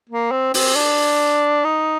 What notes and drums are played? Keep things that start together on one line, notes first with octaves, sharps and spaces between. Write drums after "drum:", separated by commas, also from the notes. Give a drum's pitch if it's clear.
A#3
C4
C4, drum: open hi-hat
D4
D#4